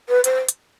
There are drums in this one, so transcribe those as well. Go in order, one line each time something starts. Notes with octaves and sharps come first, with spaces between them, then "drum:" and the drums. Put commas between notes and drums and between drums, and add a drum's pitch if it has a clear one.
B4
C5, drum: hi-hat
drum: hi-hat